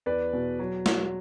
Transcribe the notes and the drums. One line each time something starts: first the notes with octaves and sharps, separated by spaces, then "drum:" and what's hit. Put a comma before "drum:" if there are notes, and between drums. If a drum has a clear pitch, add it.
E2 B4 D5
B2
F#3
F#3, drum: snare